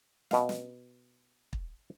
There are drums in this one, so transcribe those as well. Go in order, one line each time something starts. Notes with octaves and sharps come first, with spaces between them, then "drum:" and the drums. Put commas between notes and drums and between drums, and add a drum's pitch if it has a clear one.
B2 F5, drum: snare
drum: snare
drum: kick